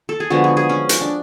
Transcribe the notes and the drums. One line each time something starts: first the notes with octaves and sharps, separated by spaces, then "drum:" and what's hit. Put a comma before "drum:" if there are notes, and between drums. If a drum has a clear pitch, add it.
A4
G#4
D3 F3 G#3 B3 F#4
G#4
G#4
C#4
drum: hi-hat
D4